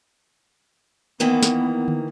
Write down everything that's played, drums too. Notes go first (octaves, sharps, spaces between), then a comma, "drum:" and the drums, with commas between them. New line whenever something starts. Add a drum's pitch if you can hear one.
D#3 E3 A#3 B3
drum: snare
drum: tom D3